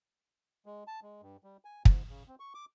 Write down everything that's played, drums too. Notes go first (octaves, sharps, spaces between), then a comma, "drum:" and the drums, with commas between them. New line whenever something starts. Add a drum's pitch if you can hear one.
G#3
A5
G#3
G2
G3
G#5
G#2, drum: kick
C#3
C4
C#6
D6